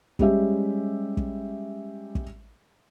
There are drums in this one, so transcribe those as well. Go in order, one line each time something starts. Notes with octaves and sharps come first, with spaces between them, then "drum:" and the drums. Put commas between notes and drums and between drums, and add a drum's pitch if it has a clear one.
G3 G#3 C#4 G4 E5, drum: kick
drum: kick
drum: kick